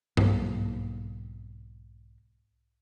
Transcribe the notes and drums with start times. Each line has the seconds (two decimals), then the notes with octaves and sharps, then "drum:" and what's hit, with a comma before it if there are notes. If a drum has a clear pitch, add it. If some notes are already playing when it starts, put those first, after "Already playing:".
0.17 B1 G#2 A#3, drum: tom G2